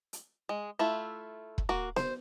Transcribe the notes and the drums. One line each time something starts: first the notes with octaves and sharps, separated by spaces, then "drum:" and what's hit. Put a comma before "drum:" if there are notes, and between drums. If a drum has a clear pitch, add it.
drum: hi-hat
G#3
A3 E4 F4
drum: kick
A#3 F#4
C5, drum: snare B3